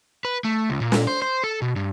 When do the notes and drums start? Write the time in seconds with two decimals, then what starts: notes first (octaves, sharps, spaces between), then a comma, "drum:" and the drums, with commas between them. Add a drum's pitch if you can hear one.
0.25 B4
0.45 A3
0.70 C#2
0.82 A#2
0.92 drum: snare
1.07 C5
1.22 C5
1.44 A4
1.62 B2
1.76 G2